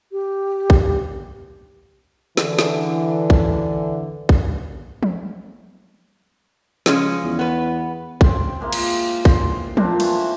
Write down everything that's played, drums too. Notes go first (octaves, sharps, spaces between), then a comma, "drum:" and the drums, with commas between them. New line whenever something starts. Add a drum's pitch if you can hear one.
G4
drum: kick
D3 E3, drum: snare
drum: snare
drum: kick
drum: kick
drum: tom
C#3 F3 G#3 C#4, drum: snare
E2
B3 B4
C4 G5, drum: kick
G#3 A#3 E4 F4
drum: cymbal
C5, drum: kick
A#2 C4 D4 A#4, drum: tom
E3 A3 C5, drum: cymbal